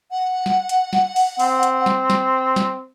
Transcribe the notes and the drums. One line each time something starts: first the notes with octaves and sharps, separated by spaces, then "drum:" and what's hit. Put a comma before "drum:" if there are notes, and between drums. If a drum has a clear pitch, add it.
F#5
drum: snare
drum: hi-hat
drum: snare
drum: open hi-hat
C4, drum: open hi-hat
drum: hi-hat
drum: snare
drum: snare
drum: snare